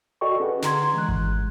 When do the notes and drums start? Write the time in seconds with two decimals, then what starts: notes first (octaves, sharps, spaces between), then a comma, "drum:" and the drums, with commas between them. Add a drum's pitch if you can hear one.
0.21 F#4 A4 D5 D#5 G5 C#6
0.40 C#4 G#4 B4 F#5
0.63 D3 A#5 C6 G#6, drum: snare
0.94 E3 G#3 F#6
1.09 drum: kick G#1